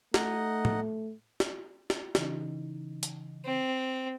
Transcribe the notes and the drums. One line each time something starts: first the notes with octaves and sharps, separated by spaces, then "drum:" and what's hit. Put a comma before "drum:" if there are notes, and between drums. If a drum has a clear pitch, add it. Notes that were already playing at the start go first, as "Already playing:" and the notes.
A3 D#4 D#5 F#5, drum: snare
drum: tom A2
drum: snare
drum: snare
C#3 E3 D#4, drum: snare
drum: hi-hat
C4